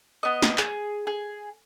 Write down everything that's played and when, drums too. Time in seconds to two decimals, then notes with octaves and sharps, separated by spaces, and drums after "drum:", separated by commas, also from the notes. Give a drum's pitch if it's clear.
0.23 B3 D#5
0.42 drum: snare
0.58 G#4, drum: clap
1.07 G#4